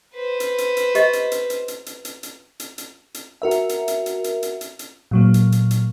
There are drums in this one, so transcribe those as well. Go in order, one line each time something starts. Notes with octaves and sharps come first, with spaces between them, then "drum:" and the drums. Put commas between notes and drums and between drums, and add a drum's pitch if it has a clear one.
B4 C5
drum: hi-hat
drum: hi-hat
drum: hi-hat
G4 D#5, drum: hi-hat
drum: hi-hat
drum: hi-hat
drum: hi-hat
drum: hi-hat
drum: hi-hat
drum: hi-hat
drum: hi-hat
drum: hi-hat
drum: hi-hat
drum: hi-hat
F#4 A#4 E5
drum: hi-hat
drum: hi-hat
drum: hi-hat
drum: hi-hat
drum: hi-hat
drum: hi-hat
drum: hi-hat
drum: hi-hat
A#2 F#3 A#3
drum: hi-hat
drum: hi-hat
drum: hi-hat